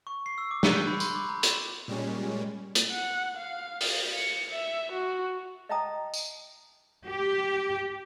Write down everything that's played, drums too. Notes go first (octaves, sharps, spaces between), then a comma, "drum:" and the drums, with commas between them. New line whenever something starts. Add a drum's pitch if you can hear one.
C#6
C7
E6
D6
F#6, drum: snare
G6
B5
C6, drum: tambourine
D6
A#5
E7, drum: hi-hat
A#2 G3 G#3 C#4
drum: hi-hat
F#5
F5
drum: open hi-hat
C#7
E5
F#4
D#5 E5 G5 A5 A#5 D#6
drum: tambourine
G4